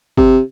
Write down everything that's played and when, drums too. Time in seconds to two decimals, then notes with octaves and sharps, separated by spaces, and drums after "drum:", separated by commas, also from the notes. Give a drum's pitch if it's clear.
0.17 C3, drum: kick G1